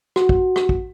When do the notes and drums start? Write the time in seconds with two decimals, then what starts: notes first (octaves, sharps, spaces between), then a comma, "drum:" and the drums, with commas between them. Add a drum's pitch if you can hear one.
0.16 F#4, drum: rim click
0.29 drum: kick
0.56 drum: rim click
0.69 drum: kick